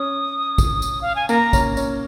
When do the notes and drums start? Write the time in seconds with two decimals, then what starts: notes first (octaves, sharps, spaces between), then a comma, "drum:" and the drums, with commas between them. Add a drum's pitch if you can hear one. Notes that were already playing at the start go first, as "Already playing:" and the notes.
Already playing: C#4 D#6
0.58 drum: kick, tambourine
0.82 drum: tambourine
1.01 F5
1.16 G#5
1.29 A#3 A#5, drum: tambourine
1.53 C#4, drum: kick, tambourine
1.77 C#4, drum: tambourine